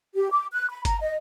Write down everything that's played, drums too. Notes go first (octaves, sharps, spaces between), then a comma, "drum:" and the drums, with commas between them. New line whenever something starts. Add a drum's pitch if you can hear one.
G4
D6
F#6
B5
A#5, drum: kick G1, hi-hat
D#5